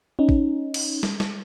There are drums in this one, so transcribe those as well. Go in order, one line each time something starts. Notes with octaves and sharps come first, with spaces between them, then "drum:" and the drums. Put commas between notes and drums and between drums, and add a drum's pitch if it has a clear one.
C#4 D#4
drum: kick A1
drum: cymbal
drum: snare
drum: snare